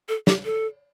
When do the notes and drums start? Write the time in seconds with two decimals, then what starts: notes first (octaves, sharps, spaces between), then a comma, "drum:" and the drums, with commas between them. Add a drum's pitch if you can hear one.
0.08 A4
0.27 G4, drum: snare
0.45 A4